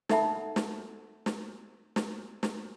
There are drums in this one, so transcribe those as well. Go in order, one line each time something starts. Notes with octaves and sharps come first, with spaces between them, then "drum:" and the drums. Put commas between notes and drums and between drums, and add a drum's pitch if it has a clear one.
D#4 A4 E5 F#5 A5 B5, drum: snare
drum: snare
drum: snare
drum: snare
drum: snare